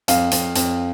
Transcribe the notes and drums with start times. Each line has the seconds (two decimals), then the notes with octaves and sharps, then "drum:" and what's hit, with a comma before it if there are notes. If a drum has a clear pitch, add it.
0.08 F2 F5, drum: hi-hat
0.32 F2, drum: hi-hat
0.55 F2, drum: hi-hat